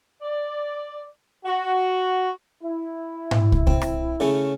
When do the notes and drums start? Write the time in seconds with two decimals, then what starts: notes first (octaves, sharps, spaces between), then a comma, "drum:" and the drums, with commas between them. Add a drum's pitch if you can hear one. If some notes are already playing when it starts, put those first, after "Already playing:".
0.22 D5
1.46 F#4
2.63 E4
3.31 drum: tom G#2
3.52 drum: kick
3.67 C4, drum: kick
3.82 drum: rim click
4.20 C#3 A3 C#4